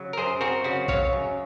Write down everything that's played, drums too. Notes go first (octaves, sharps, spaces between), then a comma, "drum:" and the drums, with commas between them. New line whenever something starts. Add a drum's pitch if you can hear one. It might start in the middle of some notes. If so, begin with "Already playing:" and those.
Already playing: C#3 F#3
A#4
F#2 G#4 C5
C4 F#4 A#4
C#3 F#4
F#3 C#5 F5, drum: kick A#1
F#2